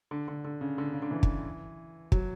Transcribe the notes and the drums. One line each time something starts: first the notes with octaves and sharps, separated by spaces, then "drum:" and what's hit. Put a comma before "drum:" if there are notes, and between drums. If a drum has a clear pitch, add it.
D3
D3
D3
C#3
D3
C#3
D3
E3
drum: kick
F#3, drum: kick